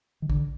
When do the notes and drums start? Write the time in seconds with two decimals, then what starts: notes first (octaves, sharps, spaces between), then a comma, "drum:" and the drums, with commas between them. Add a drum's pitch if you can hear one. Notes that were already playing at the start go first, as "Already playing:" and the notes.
0.22 D#3
0.30 D3, drum: kick A#1